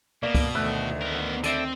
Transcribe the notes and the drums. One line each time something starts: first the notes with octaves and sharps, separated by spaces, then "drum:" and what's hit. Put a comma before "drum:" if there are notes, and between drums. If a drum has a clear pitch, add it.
B2 A#3 D5
drum: kick C#2, open hi-hat
D2 D#3 A3 E6 F#6
B3 A#4
C4 A4 D5 E5 D#7, drum: hi-hat